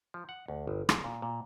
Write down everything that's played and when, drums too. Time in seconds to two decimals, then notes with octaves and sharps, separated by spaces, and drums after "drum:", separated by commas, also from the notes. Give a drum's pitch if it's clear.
0.14 F3
0.29 F#5
0.48 D2
0.67 G1
0.89 G#4, drum: rim click
1.04 A#2
1.22 A#2